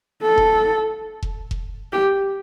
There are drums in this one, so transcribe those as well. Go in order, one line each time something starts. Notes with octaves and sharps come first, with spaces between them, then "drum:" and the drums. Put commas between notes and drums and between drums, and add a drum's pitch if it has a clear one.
A4
drum: kick F1
drum: kick F1
drum: kick F1
G4